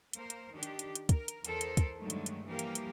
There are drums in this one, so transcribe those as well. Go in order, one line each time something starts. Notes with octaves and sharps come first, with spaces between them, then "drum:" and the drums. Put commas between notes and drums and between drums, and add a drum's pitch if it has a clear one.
A#3 A#4 C5, drum: hi-hat
drum: hi-hat
D#3 D4 G4
drum: hi-hat
drum: hi-hat
drum: hi-hat
A#4, drum: kick, hi-hat
drum: hi-hat
E2 A4 A#4 C5, drum: hi-hat
drum: hi-hat
drum: kick, hi-hat
G2 D3 D#3 F#3 G#3 A3
drum: hi-hat
drum: hi-hat
E3 F3 G3 A#3 G4 A#4
drum: hi-hat
drum: hi-hat